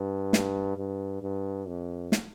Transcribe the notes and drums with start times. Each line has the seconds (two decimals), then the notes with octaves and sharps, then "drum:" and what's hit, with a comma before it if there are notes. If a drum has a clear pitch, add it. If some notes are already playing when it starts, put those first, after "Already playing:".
Already playing: G2
0.33 drum: snare
0.77 G2
1.22 G2
1.67 F2
2.12 drum: snare